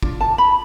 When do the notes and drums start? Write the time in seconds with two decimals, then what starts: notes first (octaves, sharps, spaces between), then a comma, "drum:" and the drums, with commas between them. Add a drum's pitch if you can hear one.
0.03 D4 F4, drum: kick
0.21 A5
0.38 B5